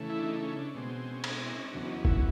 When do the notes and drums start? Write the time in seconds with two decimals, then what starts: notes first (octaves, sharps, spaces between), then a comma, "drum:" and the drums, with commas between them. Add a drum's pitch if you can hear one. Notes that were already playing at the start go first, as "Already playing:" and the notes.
Already playing: C#3 E3 A3
0.10 E4
0.19 D4
0.26 D#4
0.42 C#4
0.58 D4
0.75 B2 G#3 C4
1.14 C#4
1.24 D4, drum: cymbal
1.40 E4
1.56 C#4
1.72 E2 C#3 F#3 B3 D4
1.83 D4
1.88 D#4
2.05 E4, drum: kick G1